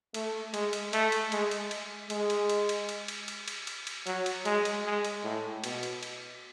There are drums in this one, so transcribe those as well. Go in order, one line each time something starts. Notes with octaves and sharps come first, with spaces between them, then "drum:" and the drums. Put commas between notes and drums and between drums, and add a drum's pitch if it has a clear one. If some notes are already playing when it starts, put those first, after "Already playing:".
A3, drum: cymbal
G#3, drum: cymbal
drum: cymbal
A3, drum: cymbal
drum: cymbal
G#3, drum: cymbal
drum: cymbal
drum: cymbal
G#3, drum: cymbal
drum: cymbal
drum: cymbal
drum: cymbal
drum: cymbal
drum: cymbal
drum: cymbal
drum: cymbal
drum: cymbal
drum: cymbal
F#3, drum: cymbal
drum: cymbal
G#3, drum: cymbal
drum: cymbal
G#3
drum: cymbal
A2
B2, drum: cymbal
drum: cymbal
drum: cymbal